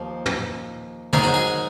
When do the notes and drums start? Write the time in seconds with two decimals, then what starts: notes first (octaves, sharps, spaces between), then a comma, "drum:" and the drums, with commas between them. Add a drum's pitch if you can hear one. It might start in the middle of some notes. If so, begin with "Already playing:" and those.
Already playing: D#2 F3
0.26 drum: tom
1.13 G#2 D#3 F#3 G#4, drum: tom
1.24 F#4
1.34 G#4